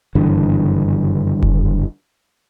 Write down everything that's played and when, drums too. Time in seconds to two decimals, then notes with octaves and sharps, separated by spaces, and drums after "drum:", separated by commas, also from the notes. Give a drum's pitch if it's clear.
0.15 F#1 G2 D3 E3
1.43 drum: kick F1